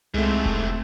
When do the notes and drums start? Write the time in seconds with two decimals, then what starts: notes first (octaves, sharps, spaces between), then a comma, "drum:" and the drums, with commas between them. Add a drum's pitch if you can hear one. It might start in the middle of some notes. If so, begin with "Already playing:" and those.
0.14 G#2 C3 G#3 A3 C4 E4, drum: tom C2
0.45 drum: kick E1